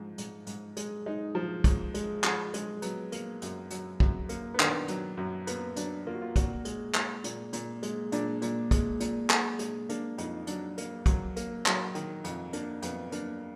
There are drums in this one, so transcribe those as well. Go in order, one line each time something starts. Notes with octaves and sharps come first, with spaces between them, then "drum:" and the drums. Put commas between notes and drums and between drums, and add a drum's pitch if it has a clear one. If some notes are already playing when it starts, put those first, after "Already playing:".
Already playing: G#2 F3
G#2, drum: hi-hat
G#2, drum: hi-hat
G#3, drum: hi-hat
G#3 D#4
F3
G#2, drum: kick, hi-hat
G#3, drum: hi-hat
F3, drum: clap
G#3, drum: hi-hat
F#3 B3, drum: hi-hat
A#3, drum: hi-hat
F#2, drum: hi-hat
F#3, drum: hi-hat
F#2, drum: kick
A#3, drum: hi-hat
B3
D#3 D4, drum: clap
F#3, drum: hi-hat
F#2
A#3 B3, drum: hi-hat
F#3 D4, drum: hi-hat
A#3 F4
F#4
F4
A#2 F#4, drum: kick, hi-hat
G#3, drum: hi-hat
G#3, drum: clap
A#2, drum: hi-hat
A#2, drum: hi-hat
G#3, drum: hi-hat
A#2 D4, drum: hi-hat
A#2, drum: hi-hat
G#3, drum: kick, hi-hat
A#2, drum: hi-hat
G#3, drum: clap
G#3, drum: hi-hat
A#3 D4, drum: hi-hat
F2 D#4, drum: hi-hat
F#3 D4, drum: hi-hat
A#3, drum: hi-hat
F#3, drum: kick, hi-hat
A#3, drum: hi-hat
F#3, drum: clap
D#3, drum: hi-hat
F2, drum: hi-hat
A#3 D4, drum: hi-hat
F2 B3, drum: hi-hat
A#3 D4, drum: hi-hat